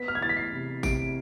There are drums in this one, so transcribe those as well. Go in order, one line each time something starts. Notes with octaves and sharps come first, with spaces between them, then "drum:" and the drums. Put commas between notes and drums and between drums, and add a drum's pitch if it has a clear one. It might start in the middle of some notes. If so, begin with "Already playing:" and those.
Already playing: B3 B6
F6
G#6
E3 A6
B6
C7
C3
C3 D7, drum: kick G#1, tambourine